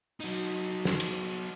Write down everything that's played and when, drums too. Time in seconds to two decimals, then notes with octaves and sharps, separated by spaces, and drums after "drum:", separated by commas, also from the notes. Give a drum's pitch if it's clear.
0.20 F#3 D#4, drum: open hi-hat
0.85 drum: snare
1.00 drum: cymbal